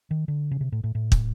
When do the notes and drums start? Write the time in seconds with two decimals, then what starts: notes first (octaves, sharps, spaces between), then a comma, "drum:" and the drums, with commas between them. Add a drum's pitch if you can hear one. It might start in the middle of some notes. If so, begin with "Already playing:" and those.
0.11 D#3
0.28 D3
0.51 C#3
0.61 C3
0.72 A2
0.84 A2
0.95 A2
1.12 drum: kick